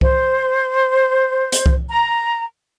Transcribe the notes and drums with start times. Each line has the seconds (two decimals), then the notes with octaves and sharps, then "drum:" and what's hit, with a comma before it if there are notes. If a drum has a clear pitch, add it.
0.01 C5, drum: kick C2
1.52 drum: hi-hat
1.66 drum: kick C2
1.90 A#5